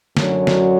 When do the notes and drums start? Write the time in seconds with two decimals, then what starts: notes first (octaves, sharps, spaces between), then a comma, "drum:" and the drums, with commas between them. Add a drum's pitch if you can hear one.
0.17 F#2 D3 F#3, drum: snare
0.47 drum: snare